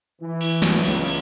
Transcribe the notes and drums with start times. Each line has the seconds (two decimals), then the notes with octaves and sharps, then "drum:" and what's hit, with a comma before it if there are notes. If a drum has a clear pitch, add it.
0.22 E3
0.41 drum: cymbal
0.62 drum: snare
0.83 C#2, drum: cymbal
1.04 drum: cymbal